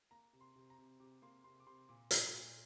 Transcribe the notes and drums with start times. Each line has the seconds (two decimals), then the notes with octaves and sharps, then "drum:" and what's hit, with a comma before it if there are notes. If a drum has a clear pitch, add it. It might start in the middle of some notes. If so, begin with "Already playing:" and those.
0.11 A#3 A#5
0.33 C3
0.41 C6
0.56 C3
0.70 A#5
0.78 C3
1.00 C3 D6
1.22 A#3 C6
1.44 C3 C6
1.60 D6
1.66 C3 C6
1.89 A#2 D6
2.11 A#2, drum: hi-hat
2.34 A#2